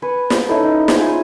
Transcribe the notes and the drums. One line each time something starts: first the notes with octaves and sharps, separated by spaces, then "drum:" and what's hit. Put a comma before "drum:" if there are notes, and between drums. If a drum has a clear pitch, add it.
B4 G#5 C#6
drum: snare
C#4 D#4 E4 A4
D#4
G#4 G#5, drum: snare
E4 F4 G#5